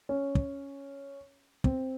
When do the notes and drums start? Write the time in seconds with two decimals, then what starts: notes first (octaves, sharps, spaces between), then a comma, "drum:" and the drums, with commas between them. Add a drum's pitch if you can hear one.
0.09 C#4
0.35 drum: kick
1.64 C4, drum: kick